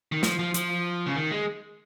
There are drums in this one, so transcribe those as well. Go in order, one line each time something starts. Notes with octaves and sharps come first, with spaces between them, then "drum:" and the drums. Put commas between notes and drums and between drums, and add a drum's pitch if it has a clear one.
D#3
F3, drum: snare
F3
F3, drum: hi-hat
C#3
D#3
G#3